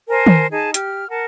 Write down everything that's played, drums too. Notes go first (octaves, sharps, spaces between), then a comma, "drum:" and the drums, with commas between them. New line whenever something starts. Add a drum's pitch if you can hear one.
A#4 C5 G#5 A5
drum: tom D#3
D#4 G#4 A5
G4 F6, drum: hi-hat
A#4 F#5 A5